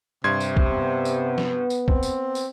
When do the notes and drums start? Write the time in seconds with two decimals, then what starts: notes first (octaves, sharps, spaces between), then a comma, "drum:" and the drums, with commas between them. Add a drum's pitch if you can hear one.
0.24 G2 C3 C6 G#6
0.40 drum: tambourine
0.57 drum: kick
0.67 B3
1.05 drum: tambourine
1.38 drum: snare
1.70 drum: tambourine
1.88 C4, drum: kick
2.03 drum: tambourine
2.35 drum: tambourine